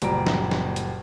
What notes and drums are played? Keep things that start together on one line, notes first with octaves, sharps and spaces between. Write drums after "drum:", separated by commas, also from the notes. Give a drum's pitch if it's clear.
F#1 A#2 G3 A#5 D7, drum: hi-hat
drum: snare
drum: snare
drum: hi-hat